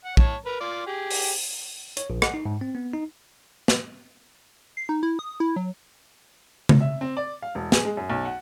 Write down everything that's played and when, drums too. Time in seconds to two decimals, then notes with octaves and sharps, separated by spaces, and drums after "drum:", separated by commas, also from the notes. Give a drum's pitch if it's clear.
0.05 F#5
0.17 C#5 A5, drum: kick
0.46 A#4 B4 A#5
0.60 F4 D5
0.87 G4 G#4
1.11 drum: open hi-hat
1.97 C#5, drum: hi-hat
2.10 A#1
2.22 F#5, drum: rim click
2.34 D#4
2.45 G#2
2.61 C4
2.75 B3
2.94 D#4
3.68 drum: snare
4.77 C7
4.89 D#4
5.03 E4
5.19 D#6
5.40 E4
5.56 F#3
6.69 drum: tom C#3
6.81 E5
7.01 C4
7.17 D5
7.42 F5
7.55 E1
7.72 G#4, drum: snare
7.85 G#3
7.97 F#2
8.10 B1
8.25 F#5